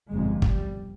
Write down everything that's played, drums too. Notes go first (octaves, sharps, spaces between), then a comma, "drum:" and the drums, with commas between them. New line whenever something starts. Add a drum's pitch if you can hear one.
G1 F2 C3 G#3
G3, drum: kick